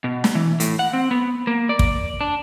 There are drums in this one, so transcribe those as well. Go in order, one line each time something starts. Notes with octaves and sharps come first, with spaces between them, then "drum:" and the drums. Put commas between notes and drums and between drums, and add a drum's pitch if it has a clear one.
B2
drum: snare
E3
A2, drum: hi-hat
F#5
C4
B3
A#3
D5
drum: kick
D4